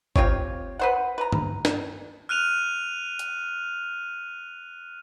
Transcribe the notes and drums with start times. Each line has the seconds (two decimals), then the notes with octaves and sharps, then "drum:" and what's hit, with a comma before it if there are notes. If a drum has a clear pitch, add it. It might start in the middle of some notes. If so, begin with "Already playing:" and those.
0.16 C4 F4 G4 C#5, drum: kick G1
0.79 B4 C5 F#5
1.18 B4 A#5
1.32 drum: tom G2
1.65 drum: snare
2.29 F6 F#6 D#7 F7
3.19 drum: hi-hat